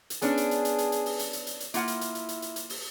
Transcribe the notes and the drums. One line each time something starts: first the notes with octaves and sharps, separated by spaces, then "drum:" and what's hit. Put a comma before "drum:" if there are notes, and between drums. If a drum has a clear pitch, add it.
drum: hi-hat
B3 C#4 D4 G#4, drum: hi-hat
drum: hi-hat
drum: hi-hat
drum: hi-hat
drum: hi-hat
drum: hi-hat
drum: open hi-hat
drum: hi-hat
drum: hi-hat
drum: hi-hat
drum: hi-hat
A#3 E4 F4 F#5, drum: hi-hat
drum: hi-hat
drum: hi-hat
drum: hi-hat
drum: hi-hat
drum: hi-hat
drum: hi-hat
drum: open hi-hat